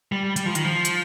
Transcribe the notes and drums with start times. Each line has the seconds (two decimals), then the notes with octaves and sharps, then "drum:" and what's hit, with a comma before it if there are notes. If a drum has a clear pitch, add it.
0.12 G3
0.36 G3, drum: hi-hat
0.46 F3
0.55 D#3, drum: hi-hat
0.65 F3
0.85 drum: hi-hat